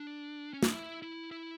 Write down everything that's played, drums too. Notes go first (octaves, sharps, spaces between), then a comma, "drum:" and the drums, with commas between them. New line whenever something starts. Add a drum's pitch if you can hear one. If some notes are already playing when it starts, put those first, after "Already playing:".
Already playing: D4
C#4
D4, drum: snare
E4
E4
E4